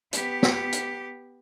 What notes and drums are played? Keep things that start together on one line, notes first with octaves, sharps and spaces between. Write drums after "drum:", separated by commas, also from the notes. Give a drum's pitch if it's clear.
B3 G4, drum: hi-hat
drum: snare
drum: hi-hat